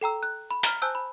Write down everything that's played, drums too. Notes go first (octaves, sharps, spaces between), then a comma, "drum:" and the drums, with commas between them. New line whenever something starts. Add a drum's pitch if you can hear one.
A4 G5 A#5 E6
F#6
B5
A#5 F6, drum: hi-hat
C5 G#5 A5 E6 F#6 G6
B5